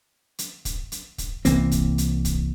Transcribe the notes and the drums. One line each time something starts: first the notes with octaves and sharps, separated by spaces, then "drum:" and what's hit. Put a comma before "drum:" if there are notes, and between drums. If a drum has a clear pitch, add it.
drum: hi-hat
drum: kick, hi-hat
drum: hi-hat
drum: kick, hi-hat
C2 E3 A#3 C4, drum: hi-hat
drum: kick, hi-hat
drum: hi-hat
drum: kick, hi-hat